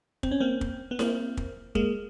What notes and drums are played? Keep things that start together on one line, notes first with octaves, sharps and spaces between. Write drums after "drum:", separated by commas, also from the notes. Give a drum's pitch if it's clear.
C4, drum: kick
C#4
A#3 C4
drum: kick
B3
A#3 C4, drum: snare E4
drum: kick
G#3 A#3, drum: kick